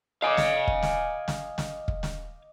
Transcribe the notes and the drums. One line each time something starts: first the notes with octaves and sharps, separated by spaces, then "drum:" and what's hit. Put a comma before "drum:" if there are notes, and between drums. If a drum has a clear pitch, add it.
D#5 F5 G#5 D6
drum: snare
drum: kick
drum: snare
drum: snare
drum: snare
drum: kick
drum: snare